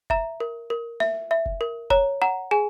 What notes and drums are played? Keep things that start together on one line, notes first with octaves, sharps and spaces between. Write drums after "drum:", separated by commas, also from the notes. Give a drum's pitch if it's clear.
E5 A#5, drum: kick F1
A#4
A#4
E5, drum: snare
E5
drum: kick F1
A#4
C#5 A#5, drum: kick F1
F#5 A#5
G#4 G#5